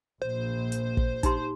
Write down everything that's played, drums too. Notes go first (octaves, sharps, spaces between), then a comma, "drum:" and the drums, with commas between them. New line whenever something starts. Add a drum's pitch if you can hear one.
A#1 C5
drum: hi-hat
drum: kick
D#4 G4 C6, drum: kick, hi-hat